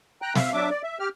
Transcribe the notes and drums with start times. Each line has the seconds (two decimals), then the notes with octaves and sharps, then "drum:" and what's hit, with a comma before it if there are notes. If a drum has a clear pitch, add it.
0.22 G5 A#5 F#6
0.35 E5 F5, drum: snare
0.53 F#3 D4 E5 D6
0.70 D5
0.83 E5
1.00 G4 F6